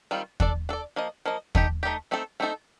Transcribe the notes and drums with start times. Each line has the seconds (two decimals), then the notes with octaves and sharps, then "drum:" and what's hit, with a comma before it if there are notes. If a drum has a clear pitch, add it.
0.11 D#3 G3 C4 F4
0.40 D4 A4 D5, drum: kick
0.69 D4 A4 D5
0.96 F3 A#3 D#5
1.26 F3 A#3 D#5
1.55 A3 D#4 G4, drum: kick
1.83 A3 D#4 G4
2.11 A3 C4 D#4 A4
2.40 A3 C4 D#4 A4